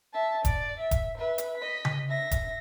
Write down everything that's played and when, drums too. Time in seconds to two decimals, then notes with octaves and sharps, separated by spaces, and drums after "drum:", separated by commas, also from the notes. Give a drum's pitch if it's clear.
0.13 E5 A5
0.45 D5, drum: kick E1, hi-hat
0.80 E5
0.91 drum: kick E1, hi-hat
1.18 B4 E5
1.38 drum: hi-hat
1.58 D#5 B6
1.85 drum: tom C#3
2.09 E5 A#6
2.31 drum: kick E1, hi-hat